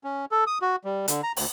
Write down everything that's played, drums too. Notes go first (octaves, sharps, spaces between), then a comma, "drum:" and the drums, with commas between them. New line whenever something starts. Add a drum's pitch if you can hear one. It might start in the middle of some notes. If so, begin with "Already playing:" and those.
C#4
A4
D#6
F#4
G3
D3, drum: hi-hat
A#5
D2, drum: open hi-hat